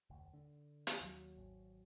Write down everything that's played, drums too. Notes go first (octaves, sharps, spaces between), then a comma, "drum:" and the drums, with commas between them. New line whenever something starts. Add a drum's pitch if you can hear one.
F1 D2
D3
drum: hi-hat
D#2 F#3 F#4
G#1